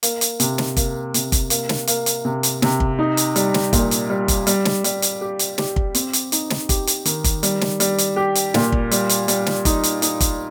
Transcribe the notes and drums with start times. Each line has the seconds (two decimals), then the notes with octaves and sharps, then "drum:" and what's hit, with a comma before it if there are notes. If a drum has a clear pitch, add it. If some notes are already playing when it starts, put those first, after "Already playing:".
0.03 A#3, drum: hi-hat
0.21 drum: hi-hat
0.40 C3, drum: hi-hat
0.58 drum: snare
0.77 A#3, drum: kick, hi-hat
1.14 C3, drum: hi-hat
1.32 drum: kick, hi-hat
1.50 A#3, drum: hi-hat
1.69 drum: snare
1.87 A#3, drum: hi-hat
2.06 drum: hi-hat
2.25 C3
2.43 drum: hi-hat
2.62 C3, drum: snare
2.80 drum: kick
2.99 D#4
3.17 drum: hi-hat
3.36 G3, drum: hi-hat
3.54 drum: snare
3.73 A#2, drum: kick, hi-hat
3.91 drum: hi-hat
4.10 G3
4.28 drum: kick, hi-hat
4.47 G3, drum: hi-hat
4.65 drum: snare
4.84 G3, drum: hi-hat
5.02 drum: hi-hat
5.21 G4
5.39 drum: hi-hat
5.58 G4, drum: snare
5.76 drum: kick
5.95 C4, drum: hi-hat
6.13 drum: hi-hat
6.32 D#4, drum: hi-hat
6.50 drum: snare
6.69 G4, drum: kick, hi-hat
6.87 drum: hi-hat
7.05 D#3, drum: hi-hat
7.24 drum: kick, hi-hat
7.43 G3, drum: hi-hat
7.61 drum: snare
7.80 G3, drum: hi-hat
7.98 drum: hi-hat
8.16 G4
8.35 drum: hi-hat
8.54 A#2, drum: snare
8.72 drum: kick
8.91 G3, drum: hi-hat
9.09 drum: hi-hat
9.28 G3, drum: hi-hat
9.46 drum: snare
9.65 D#4, drum: kick, hi-hat
9.83 drum: hi-hat
10.02 D#4, drum: hi-hat
10.20 drum: kick, hi-hat